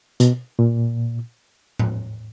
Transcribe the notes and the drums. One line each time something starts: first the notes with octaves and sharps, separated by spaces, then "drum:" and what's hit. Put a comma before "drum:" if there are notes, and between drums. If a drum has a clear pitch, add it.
B2, drum: hi-hat
A#2
drum: tom A2